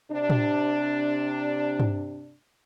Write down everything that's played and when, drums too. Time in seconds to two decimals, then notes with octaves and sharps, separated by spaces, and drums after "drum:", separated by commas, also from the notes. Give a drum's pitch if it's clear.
0.11 C3 D4
0.30 drum: tom
1.80 drum: tom G2